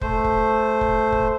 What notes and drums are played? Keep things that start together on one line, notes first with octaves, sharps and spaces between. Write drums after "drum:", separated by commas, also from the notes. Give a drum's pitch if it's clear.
A3 C5, drum: kick
drum: kick
drum: kick
drum: kick